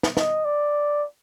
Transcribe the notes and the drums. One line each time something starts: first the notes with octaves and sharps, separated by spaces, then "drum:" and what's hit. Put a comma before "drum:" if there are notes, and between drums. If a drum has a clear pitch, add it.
drum: snare
D#5, drum: snare
D5